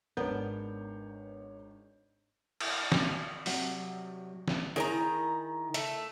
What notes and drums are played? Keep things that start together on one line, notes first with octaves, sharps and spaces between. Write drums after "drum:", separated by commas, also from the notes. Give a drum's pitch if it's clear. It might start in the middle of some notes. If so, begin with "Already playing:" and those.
G#1 G#2 B3 D4 A#4 C#5 G6
drum: cymbal
drum: snare
C3 F#3 F#5, drum: open hi-hat
drum: snare
D#3 E4 G#4 C#5 A#5
A3, drum: hi-hat